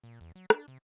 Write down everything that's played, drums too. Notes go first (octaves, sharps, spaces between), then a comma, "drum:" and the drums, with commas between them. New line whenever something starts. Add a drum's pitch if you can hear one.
A#2
E2
F#3
D4, drum: rim click
C3